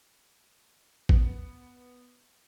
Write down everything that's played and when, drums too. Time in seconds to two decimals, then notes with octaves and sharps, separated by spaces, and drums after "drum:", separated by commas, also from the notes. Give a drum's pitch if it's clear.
1.09 B3, drum: kick